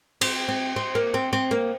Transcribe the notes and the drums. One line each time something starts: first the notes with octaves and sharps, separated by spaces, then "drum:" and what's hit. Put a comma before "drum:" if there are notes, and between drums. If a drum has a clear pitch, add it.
C4, drum: cymbal
C4
C4
A#3
C4
C4
A#3